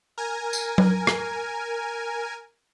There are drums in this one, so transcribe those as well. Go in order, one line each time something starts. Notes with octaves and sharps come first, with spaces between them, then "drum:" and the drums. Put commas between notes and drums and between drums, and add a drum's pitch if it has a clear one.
A#4 G#5
drum: tambourine
drum: tom F#3
drum: rim click